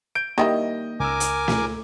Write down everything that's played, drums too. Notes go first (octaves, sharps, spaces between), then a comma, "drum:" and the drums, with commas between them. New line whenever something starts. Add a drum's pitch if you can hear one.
G6 D7
D#3 G3 A#3 E4 D#5
C#2 A#4 G#5 D6 E6
drum: hi-hat
drum: snare